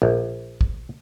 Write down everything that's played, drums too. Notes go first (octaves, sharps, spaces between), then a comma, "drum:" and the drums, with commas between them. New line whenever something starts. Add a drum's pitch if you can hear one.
A#1
drum: kick